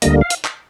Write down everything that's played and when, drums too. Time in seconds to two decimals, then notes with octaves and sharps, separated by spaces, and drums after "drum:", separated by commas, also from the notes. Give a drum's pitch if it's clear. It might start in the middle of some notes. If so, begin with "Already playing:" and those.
0.02 D2 D3 G3 A#3 D#5, drum: hi-hat
0.21 F5
0.30 drum: hi-hat
0.45 drum: clap